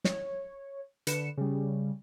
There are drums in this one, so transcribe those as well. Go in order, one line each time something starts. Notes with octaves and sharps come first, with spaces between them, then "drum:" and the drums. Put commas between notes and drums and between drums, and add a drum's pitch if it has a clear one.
C#5, drum: snare
D3 B4 C#7 E7, drum: hi-hat
C#3 G3